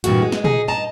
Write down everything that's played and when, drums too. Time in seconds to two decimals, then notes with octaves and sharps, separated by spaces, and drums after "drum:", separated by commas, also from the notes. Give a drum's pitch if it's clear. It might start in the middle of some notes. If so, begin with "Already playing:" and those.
0.04 G2 A#2 E3 A#3 F#4, drum: hi-hat
0.22 G#3
0.32 drum: snare
0.44 D#4 G#4, drum: tom
0.68 G2 D#5 A5 A#5